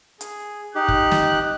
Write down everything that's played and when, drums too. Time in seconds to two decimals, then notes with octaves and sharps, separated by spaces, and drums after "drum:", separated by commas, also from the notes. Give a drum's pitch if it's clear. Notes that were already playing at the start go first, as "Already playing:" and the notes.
0.21 G#4, drum: hi-hat
0.75 D#4 G4 F#6
0.88 drum: kick
1.11 drum: snare